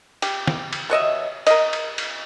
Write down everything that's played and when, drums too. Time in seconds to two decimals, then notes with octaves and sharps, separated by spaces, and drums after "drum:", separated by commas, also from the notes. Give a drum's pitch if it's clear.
0.22 G4, drum: cymbal
0.47 drum: snare
0.73 drum: cymbal
0.90 B2 C#5 D#5 E5
1.47 A#4 D#5, drum: cymbal
1.73 drum: cymbal
1.98 drum: cymbal